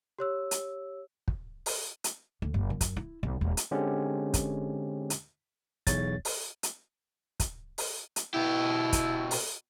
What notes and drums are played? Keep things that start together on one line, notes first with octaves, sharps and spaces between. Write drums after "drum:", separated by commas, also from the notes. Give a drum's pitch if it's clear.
G4 C#5 E6
drum: hi-hat
drum: kick
drum: open hi-hat
drum: hi-hat
D2
F#1
F#2
drum: kick, hi-hat
E4
B1
D#1
drum: hi-hat
D3 G#3 C4 C#4 G4
drum: kick, hi-hat
drum: hi-hat
B1 E2 C#5 A6, drum: kick, hi-hat
drum: open hi-hat
drum: hi-hat
drum: kick, hi-hat
drum: open hi-hat
drum: hi-hat
B2 E4 G4
drum: kick, hi-hat
drum: open hi-hat